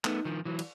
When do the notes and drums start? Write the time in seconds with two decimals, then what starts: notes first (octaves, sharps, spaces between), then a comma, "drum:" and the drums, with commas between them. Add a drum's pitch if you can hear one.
0.04 A3 B3 D#4, drum: clap
0.25 D#3 F3
0.45 E3 F#3
0.59 drum: cymbal